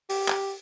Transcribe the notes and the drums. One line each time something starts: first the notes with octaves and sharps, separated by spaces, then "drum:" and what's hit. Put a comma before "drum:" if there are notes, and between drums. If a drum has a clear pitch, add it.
G4, drum: open hi-hat
drum: clap